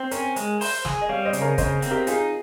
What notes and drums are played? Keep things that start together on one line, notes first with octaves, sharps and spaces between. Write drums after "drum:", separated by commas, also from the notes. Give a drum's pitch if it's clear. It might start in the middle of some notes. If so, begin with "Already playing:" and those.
Already playing: C4
C#4 A#4 C#5, drum: hi-hat
G#3, drum: hi-hat
C5, drum: open hi-hat
G#4, drum: snare
D#5
G3 C#5 F5
C5 D#5
C#3, drum: hi-hat
A#4 C#5
C#3 C5 D#5, drum: kick, hi-hat
C4, drum: hi-hat
G4 A#4
D#4 F4 G#4, drum: hi-hat